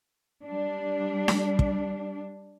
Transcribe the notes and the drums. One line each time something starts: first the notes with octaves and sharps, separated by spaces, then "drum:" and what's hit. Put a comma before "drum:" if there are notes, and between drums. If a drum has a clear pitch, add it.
G3 D4
drum: snare D4
drum: kick